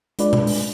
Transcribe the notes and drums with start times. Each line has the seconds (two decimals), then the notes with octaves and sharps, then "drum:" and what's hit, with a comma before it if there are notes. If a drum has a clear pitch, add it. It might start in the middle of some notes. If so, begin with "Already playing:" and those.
0.19 G#3 D4 F4 B4 D5, drum: hi-hat
0.33 drum: tom B2
0.47 drum: open hi-hat